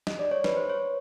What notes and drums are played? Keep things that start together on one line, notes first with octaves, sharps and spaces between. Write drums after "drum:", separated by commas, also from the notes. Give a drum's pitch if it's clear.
D#5, drum: snare
D5
C#5
B4, drum: snare
C5
C#5